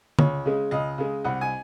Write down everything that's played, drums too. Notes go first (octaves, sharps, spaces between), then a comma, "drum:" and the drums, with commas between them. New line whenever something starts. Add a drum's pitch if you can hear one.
C#2 C#5, drum: tom
C#3 G#3
C#2 D#5
C#3 G#3
C2 F#5
G#5